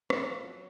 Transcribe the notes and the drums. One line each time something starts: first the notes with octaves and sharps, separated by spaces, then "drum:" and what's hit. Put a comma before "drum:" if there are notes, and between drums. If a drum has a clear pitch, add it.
E3, drum: rim click
F3
F#3